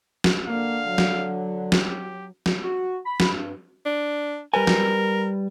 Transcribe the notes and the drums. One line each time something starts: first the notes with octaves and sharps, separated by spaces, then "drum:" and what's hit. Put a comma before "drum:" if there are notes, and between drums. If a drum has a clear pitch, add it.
drum: snare
D3 A#3 F5
F#3
drum: snare
G4, drum: snare
drum: snare
F#4
B5
drum: snare
G2
D4
G3 A#4 B4 G#5
drum: snare